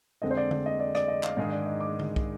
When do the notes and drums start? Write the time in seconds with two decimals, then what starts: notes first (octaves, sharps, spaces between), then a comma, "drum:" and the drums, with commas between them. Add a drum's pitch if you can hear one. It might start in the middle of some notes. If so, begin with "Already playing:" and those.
0.22 F2 D3 G#3 C4 D#5
0.31 C5
0.37 D5
0.51 D5, drum: tom D3
0.66 D#5
0.80 D5
0.95 D5, drum: rim click
1.08 D#5
1.23 F5, drum: clap
1.37 G#2 D#3 G#3 D4 G#4 F5
1.52 D5
1.66 D#5
1.81 D6
1.99 drum: tom D3
2.16 drum: kick